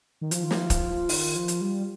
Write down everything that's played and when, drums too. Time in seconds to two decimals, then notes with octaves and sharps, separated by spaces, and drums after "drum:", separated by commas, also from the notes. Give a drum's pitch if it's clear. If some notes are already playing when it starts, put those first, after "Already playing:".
0.21 D#3
0.31 F3 F4, drum: hi-hat
0.43 D#3
0.51 F3, drum: snare
0.70 F3, drum: kick, hi-hat
0.90 F3
1.09 D#3, drum: open hi-hat
1.35 F3
1.48 drum: hi-hat
1.61 G3